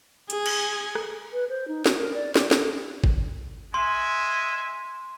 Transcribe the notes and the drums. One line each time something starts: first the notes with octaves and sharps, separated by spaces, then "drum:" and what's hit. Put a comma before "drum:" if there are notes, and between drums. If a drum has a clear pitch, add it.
G#4 G#6, drum: hi-hat
drum: cymbal
drum: rim click
B4
C5
D#4
F#4, drum: snare
A#4
D5
G4, drum: snare
A4, drum: snare
drum: kick
G#3 E5 G#5 C6